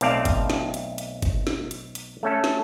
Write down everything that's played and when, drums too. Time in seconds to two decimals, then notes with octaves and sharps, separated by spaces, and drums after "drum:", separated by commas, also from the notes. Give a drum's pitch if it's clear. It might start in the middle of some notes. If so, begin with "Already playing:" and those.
0.01 B1 A3 C4 D5 F5, drum: hi-hat
0.25 drum: kick, hi-hat
0.50 drum: snare
0.74 drum: hi-hat
0.98 drum: hi-hat
1.22 drum: kick, hi-hat
1.47 drum: snare
1.71 drum: hi-hat
1.95 drum: hi-hat
2.23 A3 C#4 A4
2.44 drum: snare